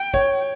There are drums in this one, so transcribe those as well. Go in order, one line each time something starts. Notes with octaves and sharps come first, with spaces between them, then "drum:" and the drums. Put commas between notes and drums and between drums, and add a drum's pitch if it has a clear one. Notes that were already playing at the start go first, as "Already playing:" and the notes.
Already playing: G5
C#5, drum: kick